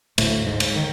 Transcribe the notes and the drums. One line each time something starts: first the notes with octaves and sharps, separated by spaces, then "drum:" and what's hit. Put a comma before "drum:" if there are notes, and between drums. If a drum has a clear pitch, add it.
D2 A2 A3, drum: cymbal
D2 G#2 G#3
drum: cymbal
D3 D#3